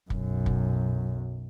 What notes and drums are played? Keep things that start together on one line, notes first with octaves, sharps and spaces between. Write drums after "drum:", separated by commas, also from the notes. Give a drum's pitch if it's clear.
B1 F#2, drum: kick
drum: kick